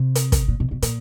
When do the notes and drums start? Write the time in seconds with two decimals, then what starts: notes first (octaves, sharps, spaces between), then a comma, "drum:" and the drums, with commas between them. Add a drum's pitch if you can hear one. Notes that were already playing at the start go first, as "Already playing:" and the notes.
Already playing: C3
0.15 drum: hi-hat
0.32 drum: kick, hi-hat
0.48 A#2
0.60 B2
0.71 B2
0.82 A#2, drum: hi-hat